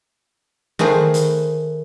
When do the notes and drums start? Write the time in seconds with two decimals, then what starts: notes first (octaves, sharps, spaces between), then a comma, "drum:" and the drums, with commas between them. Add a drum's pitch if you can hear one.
0.79 D#3 A3 G#4 B4 C5, drum: tom D3
1.14 drum: hi-hat